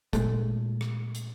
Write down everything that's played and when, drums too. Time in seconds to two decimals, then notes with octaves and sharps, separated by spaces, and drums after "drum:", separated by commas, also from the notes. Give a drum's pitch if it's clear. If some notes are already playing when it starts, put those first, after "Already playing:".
0.13 A#2 G#3 A3, drum: kick, hi-hat
0.81 drum: rim click
1.15 drum: hi-hat